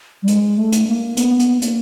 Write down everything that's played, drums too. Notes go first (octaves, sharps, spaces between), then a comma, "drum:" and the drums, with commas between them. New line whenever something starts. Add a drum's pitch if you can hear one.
G3
G#3, drum: hi-hat
A3
drum: hi-hat
A#3
B3, drum: hi-hat
drum: hi-hat
A#3, drum: hi-hat